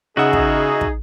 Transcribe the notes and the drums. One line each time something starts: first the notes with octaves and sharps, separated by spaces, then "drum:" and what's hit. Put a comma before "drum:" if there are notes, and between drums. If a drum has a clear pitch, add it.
C#3 D#4 F#4 G#4 E5 F#5
drum: kick
drum: kick